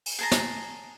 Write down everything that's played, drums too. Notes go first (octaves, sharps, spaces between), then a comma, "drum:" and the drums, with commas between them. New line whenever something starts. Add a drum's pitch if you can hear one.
drum: open hi-hat
G#4 A5 A#5
drum: snare